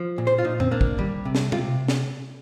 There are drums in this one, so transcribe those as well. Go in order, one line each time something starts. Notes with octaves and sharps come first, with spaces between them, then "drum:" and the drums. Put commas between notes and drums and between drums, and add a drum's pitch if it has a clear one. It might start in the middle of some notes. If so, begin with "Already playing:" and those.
Already playing: F3
A#2
C5
F4
A#2 D#4
C4, drum: tom F2
A#3 D4
drum: kick
G3, drum: tom
C3
drum: snare
C3 F4, drum: tom B2
drum: snare